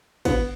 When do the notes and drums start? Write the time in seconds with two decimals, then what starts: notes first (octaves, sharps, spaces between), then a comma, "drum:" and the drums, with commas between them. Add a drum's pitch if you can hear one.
0.25 B3, drum: kick, cymbal